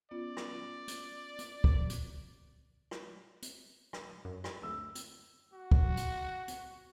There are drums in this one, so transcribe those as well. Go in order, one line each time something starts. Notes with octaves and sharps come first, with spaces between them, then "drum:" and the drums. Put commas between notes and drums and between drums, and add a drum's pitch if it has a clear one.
B3 C#4 F4 D5
drum: rim click
drum: hi-hat
drum: hi-hat
drum: kick
drum: hi-hat
drum: rim click
drum: hi-hat
drum: rim click
F#2
drum: rim click
D2 E6
drum: hi-hat
F#4
drum: kick
drum: hi-hat
drum: hi-hat